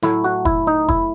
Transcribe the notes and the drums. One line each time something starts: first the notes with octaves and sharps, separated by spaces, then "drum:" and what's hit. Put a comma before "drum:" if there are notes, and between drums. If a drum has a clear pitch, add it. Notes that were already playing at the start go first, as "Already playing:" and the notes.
A2 F#3 A3 E4, drum: snare
F#4
E4, drum: kick
D#4
E4, drum: kick